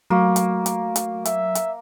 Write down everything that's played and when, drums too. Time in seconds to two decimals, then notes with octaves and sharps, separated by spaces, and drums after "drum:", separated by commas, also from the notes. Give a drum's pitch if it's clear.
0.10 F#3 A3 A#3 F#4 C#6
0.36 drum: hi-hat
0.66 drum: hi-hat
0.96 drum: hi-hat
1.25 E5, drum: hi-hat
1.55 drum: hi-hat